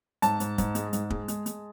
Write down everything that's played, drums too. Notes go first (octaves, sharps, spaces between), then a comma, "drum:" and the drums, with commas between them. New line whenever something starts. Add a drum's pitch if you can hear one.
G#2 A5, drum: hi-hat
G#2, drum: hi-hat
G#2, drum: kick, hi-hat
G#3, drum: hi-hat
G#2, drum: hi-hat
G#3, drum: kick
G#3, drum: hi-hat
G#3, drum: hi-hat